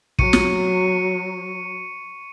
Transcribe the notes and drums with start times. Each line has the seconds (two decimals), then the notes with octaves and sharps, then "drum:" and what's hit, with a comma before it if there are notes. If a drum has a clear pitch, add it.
0.19 F#3 C#6 C#7 D#7, drum: kick
0.33 drum: snare